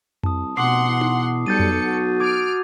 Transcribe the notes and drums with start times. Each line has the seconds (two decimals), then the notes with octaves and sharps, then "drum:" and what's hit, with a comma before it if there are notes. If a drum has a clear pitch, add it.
0.23 C2 A5 D#6, drum: tom F2
0.57 F1 B2 F#5 C6 D6 D#6 C7
0.88 E2
1.01 drum: tom D#4
1.46 B1 G3 A4 G6 A6 C#7 D#7
1.60 drum: tom F2
1.82 F#4
2.20 D6 F6 G#6 D7